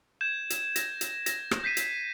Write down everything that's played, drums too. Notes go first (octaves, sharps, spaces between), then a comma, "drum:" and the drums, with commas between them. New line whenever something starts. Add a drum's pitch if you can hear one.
G6 G#6 E7
drum: hi-hat
A#6, drum: hi-hat
drum: hi-hat
A#6, drum: hi-hat
drum: rim click
G6 B6 C7 D#7
drum: hi-hat